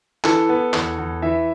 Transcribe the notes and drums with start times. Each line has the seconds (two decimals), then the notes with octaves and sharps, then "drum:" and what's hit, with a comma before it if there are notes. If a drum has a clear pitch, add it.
0.24 E3 A4, drum: clap
0.49 B3
0.73 E2, drum: clap
0.98 E2
1.22 E3 E5